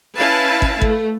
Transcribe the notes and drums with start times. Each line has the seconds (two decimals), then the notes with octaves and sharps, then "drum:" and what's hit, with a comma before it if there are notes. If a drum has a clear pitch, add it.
0.16 C#4 E4 B4 F5 A5
0.62 drum: kick
0.82 A3, drum: kick